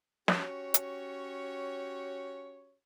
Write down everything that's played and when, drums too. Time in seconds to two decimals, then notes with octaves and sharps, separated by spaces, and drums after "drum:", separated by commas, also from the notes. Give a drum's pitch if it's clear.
0.28 C#4 F#4 G4 C#5, drum: snare
0.74 drum: hi-hat